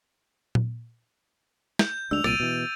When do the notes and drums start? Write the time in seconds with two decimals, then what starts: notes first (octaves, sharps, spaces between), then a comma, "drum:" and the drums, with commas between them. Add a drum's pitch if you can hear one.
0.55 drum: tom A#2
1.79 G6, drum: snare
2.11 D2 G#3 D4 E6 F7
2.24 C2 A#2 A6 D7 D#7, drum: rim click
2.40 B2 E3